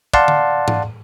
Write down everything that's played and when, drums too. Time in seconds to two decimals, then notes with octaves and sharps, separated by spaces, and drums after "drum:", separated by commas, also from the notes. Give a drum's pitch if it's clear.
0.14 D5 F5 F#5 A5 C6, drum: kick
0.28 drum: tom D3
0.68 drum: tom G#2